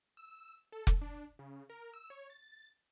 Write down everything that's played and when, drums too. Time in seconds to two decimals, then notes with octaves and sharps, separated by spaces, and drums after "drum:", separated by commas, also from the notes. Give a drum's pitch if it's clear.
0.17 E6
0.72 A4
0.87 drum: kick F1
1.01 D4
1.39 C#3
1.70 A#4
1.94 E6
2.10 C#5
2.30 A6